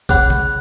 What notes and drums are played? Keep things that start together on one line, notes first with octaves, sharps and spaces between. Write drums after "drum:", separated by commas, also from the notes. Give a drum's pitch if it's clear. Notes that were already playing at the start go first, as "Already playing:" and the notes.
C#4 G#4 C#5 F#5 B5 F#6, drum: kick, tambourine
drum: tom C3